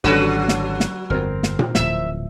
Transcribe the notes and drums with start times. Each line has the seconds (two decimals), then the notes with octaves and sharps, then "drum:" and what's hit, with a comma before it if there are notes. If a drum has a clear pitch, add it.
0.04 G#1 D3 F#3 C#4 F#4 A4 B4
0.49 drum: snare
0.80 drum: snare
1.10 G1 F2 C4 A#4 F6
1.43 drum: snare
1.59 drum: tom A#2
1.75 D1 A2 F3 E5, drum: snare